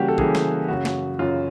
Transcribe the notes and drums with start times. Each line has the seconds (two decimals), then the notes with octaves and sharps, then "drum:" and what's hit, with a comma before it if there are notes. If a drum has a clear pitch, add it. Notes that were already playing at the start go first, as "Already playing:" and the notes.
Already playing: C#3 E3 G3 A#3 F#4 G4
0.08 A4
0.18 C#3 E3 G3 A#3 G#4, drum: kick
0.35 drum: snare
0.68 F#2 C#3 F#3 F#4
0.85 drum: snare
1.19 F#2 C#3 F#3 F4